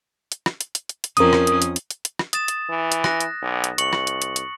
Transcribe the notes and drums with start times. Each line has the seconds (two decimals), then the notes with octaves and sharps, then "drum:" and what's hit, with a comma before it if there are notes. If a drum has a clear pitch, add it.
0.32 drum: hi-hat
0.46 drum: rim click
0.61 drum: hi-hat
0.75 drum: hi-hat
0.89 drum: hi-hat
1.04 drum: hi-hat
1.17 F2 C#4 A#4 D#6, drum: hi-hat
1.33 drum: rim click
1.47 drum: hi-hat
1.62 drum: hi-hat
1.76 drum: hi-hat
1.91 drum: hi-hat
2.05 drum: hi-hat
2.19 drum: rim click
2.33 D#6 A6 E7, drum: hi-hat
2.48 drum: hi-hat
2.70 E3
2.92 drum: hi-hat
3.04 F#6 A#6, drum: rim click
3.20 drum: hi-hat
3.42 B1
3.64 drum: hi-hat
3.78 C2 C#6 C#7 F#7, drum: hi-hat
3.93 drum: rim click
4.07 drum: hi-hat
4.22 drum: hi-hat
4.36 drum: hi-hat